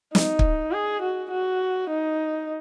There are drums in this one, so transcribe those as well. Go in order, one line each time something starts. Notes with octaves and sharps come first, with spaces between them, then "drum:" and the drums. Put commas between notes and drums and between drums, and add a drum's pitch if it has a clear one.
D#4, drum: snare
drum: kick
G#4
F#4
F#4
D#4